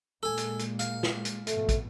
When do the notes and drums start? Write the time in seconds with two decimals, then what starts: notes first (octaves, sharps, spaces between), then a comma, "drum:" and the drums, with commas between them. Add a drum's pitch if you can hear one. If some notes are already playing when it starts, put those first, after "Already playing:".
0.23 A#2 G#3 A#3 A4 G#5
0.37 drum: hi-hat
0.59 drum: hi-hat
0.79 F5, drum: hi-hat
1.03 drum: snare
1.25 drum: hi-hat
1.47 F2 G#2 B2 A3, drum: hi-hat
1.69 drum: kick, hi-hat